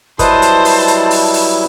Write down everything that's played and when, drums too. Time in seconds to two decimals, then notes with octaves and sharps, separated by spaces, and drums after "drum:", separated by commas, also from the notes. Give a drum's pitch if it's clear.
0.19 F#3 G3 E4 B4 C5 D#5 A5, drum: kick, hi-hat
0.42 drum: hi-hat
0.65 drum: open hi-hat
0.88 drum: hi-hat
1.11 drum: open hi-hat
1.33 drum: open hi-hat